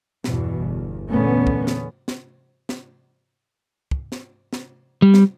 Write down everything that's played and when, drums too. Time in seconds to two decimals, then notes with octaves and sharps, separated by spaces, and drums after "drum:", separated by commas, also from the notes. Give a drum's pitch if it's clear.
0.24 E2 G2 B2 E3, drum: snare
0.58 G1 E2
1.09 E2 A#2 D3 A3 B3 C#4
1.47 drum: kick
1.67 drum: snare
2.08 drum: snare
2.69 drum: snare
3.91 drum: kick
4.12 drum: snare
4.53 drum: snare
5.02 G3
5.14 drum: snare